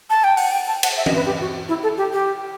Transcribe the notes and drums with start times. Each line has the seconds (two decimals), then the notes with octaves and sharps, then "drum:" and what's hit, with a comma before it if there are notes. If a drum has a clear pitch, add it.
0.10 A5
0.24 G5
0.37 F#5, drum: open hi-hat
0.51 G5
0.68 A5
0.83 F#5, drum: cymbal
0.97 E5
1.06 D#5, drum: tom E3
1.16 B4
1.26 G4
1.41 F#4
1.69 E4
1.83 A4
1.97 G4
2.13 G4